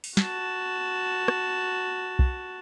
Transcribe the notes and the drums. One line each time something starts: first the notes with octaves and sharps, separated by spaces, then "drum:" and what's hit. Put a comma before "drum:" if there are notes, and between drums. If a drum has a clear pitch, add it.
drum: open hi-hat
F#4 A5, drum: snare
drum: rim click
drum: kick